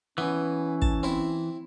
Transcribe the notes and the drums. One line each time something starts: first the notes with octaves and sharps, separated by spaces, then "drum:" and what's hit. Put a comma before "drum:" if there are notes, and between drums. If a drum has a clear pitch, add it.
E3 B3 C#4
A5, drum: kick
C4 E4